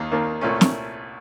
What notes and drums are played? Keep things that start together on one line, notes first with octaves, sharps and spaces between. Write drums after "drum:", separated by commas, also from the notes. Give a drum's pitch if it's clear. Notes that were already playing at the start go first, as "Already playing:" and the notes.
Already playing: D#2 D#3 A#3
D#2 D#3 A#3
C2 A#2 A3 C#4
drum: snare